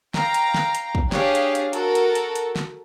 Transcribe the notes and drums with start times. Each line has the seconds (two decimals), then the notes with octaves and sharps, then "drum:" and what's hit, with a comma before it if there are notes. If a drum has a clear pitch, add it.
0.14 F5 G5 A#5, drum: snare
0.34 drum: hi-hat
0.54 drum: snare
0.75 drum: hi-hat
0.95 drum: kick
1.12 D4 G4 G#4 C#5 D5 F5, drum: snare
1.35 drum: hi-hat
1.55 drum: hi-hat
1.73 F#4 A4 A#4, drum: hi-hat
1.95 drum: hi-hat
2.15 drum: hi-hat
2.36 drum: hi-hat
2.56 drum: snare